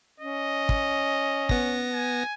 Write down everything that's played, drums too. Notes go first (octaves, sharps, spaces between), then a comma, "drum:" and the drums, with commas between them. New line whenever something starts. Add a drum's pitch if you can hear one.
C#4 D#5
drum: kick
B3 A#6, drum: kick
G#5